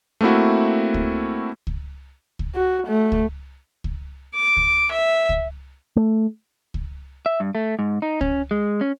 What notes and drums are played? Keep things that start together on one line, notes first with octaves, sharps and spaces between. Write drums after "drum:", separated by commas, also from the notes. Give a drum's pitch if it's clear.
A3 A#3 C4 E4 F#4
drum: kick C#2
drum: kick C#2
drum: kick C#2
F#4
A3
drum: kick C#2
drum: kick C#2
D6
drum: kick C#2
E5
drum: kick C#2
A3
drum: kick C#2
E5
G2
A3
G#2
D#4
C#4, drum: kick C#2
G#3
C#4